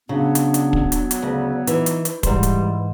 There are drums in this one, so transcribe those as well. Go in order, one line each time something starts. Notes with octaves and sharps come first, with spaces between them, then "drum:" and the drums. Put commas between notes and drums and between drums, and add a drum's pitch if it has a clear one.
C#3 F#3 B3 D4
drum: hi-hat
drum: hi-hat
drum: kick
drum: hi-hat
drum: hi-hat
D2 C#3 D5
E3 D#4, drum: hi-hat
drum: hi-hat
drum: hi-hat
G#2 E3 G3 C5, drum: kick, hi-hat
drum: hi-hat